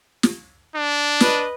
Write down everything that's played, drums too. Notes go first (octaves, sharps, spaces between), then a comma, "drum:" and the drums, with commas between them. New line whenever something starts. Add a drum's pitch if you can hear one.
drum: snare
D4
B4 D#5, drum: snare